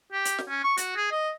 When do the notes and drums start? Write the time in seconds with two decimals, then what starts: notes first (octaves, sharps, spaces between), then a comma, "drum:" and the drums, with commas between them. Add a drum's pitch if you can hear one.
0.12 G4
0.25 drum: hi-hat
0.38 drum: snare
0.49 C#4
0.64 C#6
0.77 F#4, drum: hi-hat
0.96 G#4
1.11 D#5